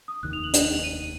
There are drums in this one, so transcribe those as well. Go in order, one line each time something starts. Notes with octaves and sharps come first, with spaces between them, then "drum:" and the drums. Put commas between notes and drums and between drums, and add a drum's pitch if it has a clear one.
D#6
F1 D#2 D#3 F#6
F7
F#7
F7, drum: hi-hat
F#7
F7
D#7